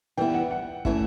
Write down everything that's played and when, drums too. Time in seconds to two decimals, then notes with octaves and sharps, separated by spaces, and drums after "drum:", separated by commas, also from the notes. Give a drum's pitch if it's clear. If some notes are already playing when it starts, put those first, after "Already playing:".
0.17 E3 G3 B3 E4 G5
0.34 F#5
0.51 F#5
0.85 E3 A3 C#4 E4, drum: kick